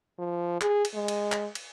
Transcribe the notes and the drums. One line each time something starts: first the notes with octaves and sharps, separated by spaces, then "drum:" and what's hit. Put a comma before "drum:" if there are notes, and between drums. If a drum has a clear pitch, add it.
F3
G#4, drum: clap
drum: cymbal
G#3
drum: cymbal
drum: clap
drum: cymbal